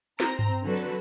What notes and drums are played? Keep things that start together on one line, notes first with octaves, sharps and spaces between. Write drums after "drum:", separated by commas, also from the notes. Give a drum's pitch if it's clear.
C4 A#5, drum: snare
drum: tom G2
D3 F#3 F#4 A4 B4
drum: cymbal